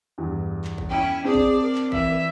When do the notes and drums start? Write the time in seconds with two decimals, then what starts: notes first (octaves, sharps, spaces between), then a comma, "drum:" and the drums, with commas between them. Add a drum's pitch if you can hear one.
0.18 E2 G2
0.64 drum: clap
0.78 drum: kick A1
0.89 C#4 E4 G5
1.25 C4 D4 G#4 D5
1.34 drum: kick A1
1.61 A#4
1.75 drum: clap
1.92 E3 E5, drum: kick A1